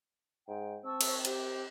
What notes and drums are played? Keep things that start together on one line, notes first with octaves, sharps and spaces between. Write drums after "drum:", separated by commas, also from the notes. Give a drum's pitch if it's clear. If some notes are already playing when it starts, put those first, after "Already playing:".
G#2 G5
C4 A5 C#6 E6
drum: cymbal
G4, drum: hi-hat